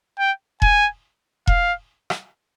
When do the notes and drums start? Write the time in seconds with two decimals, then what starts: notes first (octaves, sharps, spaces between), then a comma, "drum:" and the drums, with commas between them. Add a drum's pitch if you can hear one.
0.19 G5
0.62 G#5, drum: kick E1
1.47 F5, drum: kick E1
2.10 drum: rim click